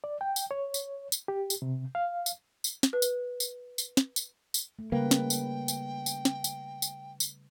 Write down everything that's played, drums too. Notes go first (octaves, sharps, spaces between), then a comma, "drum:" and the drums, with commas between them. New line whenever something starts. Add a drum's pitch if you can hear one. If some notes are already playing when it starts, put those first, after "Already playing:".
D5
G5
drum: tambourine
C#5
drum: tambourine
drum: tambourine
G4
drum: tambourine
C3
F5
drum: tambourine
drum: tambourine
drum: snare
B4
drum: tambourine
drum: tambourine
drum: tambourine
drum: snare
drum: tambourine
drum: tambourine
A3
C#3 G3 A#3 B4 G5
drum: snare
drum: tambourine
drum: tambourine
drum: tambourine
drum: snare
drum: tambourine
drum: tambourine
drum: tambourine